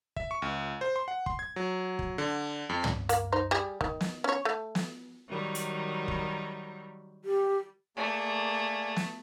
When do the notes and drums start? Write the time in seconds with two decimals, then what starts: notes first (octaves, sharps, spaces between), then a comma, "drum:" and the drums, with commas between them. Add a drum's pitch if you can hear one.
0.16 E5, drum: kick
0.31 C#6
0.42 C#2
0.81 C5
0.96 C6
1.08 F#5
1.26 C6, drum: kick
1.39 G#6
1.56 F#3
1.99 drum: kick
2.18 D3
2.69 F2
2.84 drum: tom
3.09 A#3, drum: hi-hat
3.32 D#4 C5
3.51 G3 G#4
3.81 D#3, drum: kick
4.01 drum: snare
4.24 C#4 C#5
4.45 A3
4.75 drum: snare
5.29 D#3 F#3 G3
5.55 drum: hi-hat
6.08 drum: kick
7.25 G4
7.97 A3 A#3 G#4 D5
8.96 drum: snare